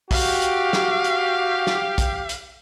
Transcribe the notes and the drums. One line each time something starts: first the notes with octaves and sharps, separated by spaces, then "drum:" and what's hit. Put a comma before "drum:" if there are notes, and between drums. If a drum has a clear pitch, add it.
F#4 G4 F5, drum: kick, open hi-hat
drum: hi-hat
drum: snare
drum: hi-hat
drum: snare
drum: kick, hi-hat
drum: hi-hat